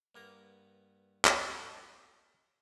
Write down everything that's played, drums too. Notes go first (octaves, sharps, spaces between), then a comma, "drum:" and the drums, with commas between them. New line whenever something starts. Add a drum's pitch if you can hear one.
G2 A#3 B3 A#4
drum: clap